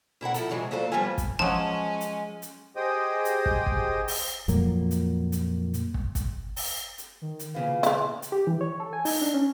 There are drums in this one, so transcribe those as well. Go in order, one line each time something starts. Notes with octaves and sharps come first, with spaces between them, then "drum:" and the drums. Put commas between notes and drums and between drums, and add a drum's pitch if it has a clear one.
B2 E4 A#4 F#5
F3 E4 A4, drum: hi-hat
G#2 C3 E3 F#3 G#3
D2 A#2 F#3 F4 A4 C5
D3 F3 G3 B3 F4 G#5
drum: kick, hi-hat
F3 F#3 G#3 C#4 G#5 A5
drum: hi-hat
drum: hi-hat
G4 G#4 C5 D#5 G5 D#6
drum: hi-hat
drum: kick
drum: kick
drum: open hi-hat
F2 A#2 F#3 A#3, drum: hi-hat
drum: hi-hat
drum: hi-hat
drum: hi-hat
drum: kick
drum: kick, hi-hat
drum: open hi-hat
drum: hi-hat
D#3
drum: hi-hat
A#2 C#3 E3 F5
E4 F4, drum: hi-hat
drum: hi-hat
G4
E3
C#5
A4
G#5
D#4, drum: open hi-hat
D4
C#4